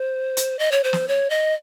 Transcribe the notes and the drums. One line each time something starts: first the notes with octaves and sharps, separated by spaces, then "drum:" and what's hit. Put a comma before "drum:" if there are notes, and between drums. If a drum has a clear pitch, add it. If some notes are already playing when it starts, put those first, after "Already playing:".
Already playing: C5
drum: hi-hat
D#5
C#5
C5
drum: snare
C#5
D#5